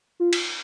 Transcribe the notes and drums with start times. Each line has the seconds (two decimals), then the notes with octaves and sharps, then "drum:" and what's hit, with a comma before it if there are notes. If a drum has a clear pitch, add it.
0.20 F4
0.33 drum: cymbal